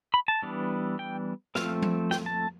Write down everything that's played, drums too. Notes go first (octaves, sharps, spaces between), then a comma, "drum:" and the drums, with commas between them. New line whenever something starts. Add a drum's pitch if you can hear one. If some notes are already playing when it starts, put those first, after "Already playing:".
B5
A5
E3 G3 B3 D4
G5
F3 A3 C4 F5, drum: snare
drum: tom F3
G5, drum: snare
A5